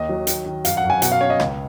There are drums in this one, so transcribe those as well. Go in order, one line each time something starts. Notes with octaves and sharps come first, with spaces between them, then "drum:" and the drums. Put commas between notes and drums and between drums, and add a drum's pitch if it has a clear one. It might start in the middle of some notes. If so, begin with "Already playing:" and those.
Already playing: D#2 D#5
F#3
D#3, drum: hi-hat
D#3
F#2 F5, drum: hi-hat
F#5
F#2
G#5
B2 F#5, drum: hi-hat
F5
C#4 C#5
D#5
C#2, drum: rim click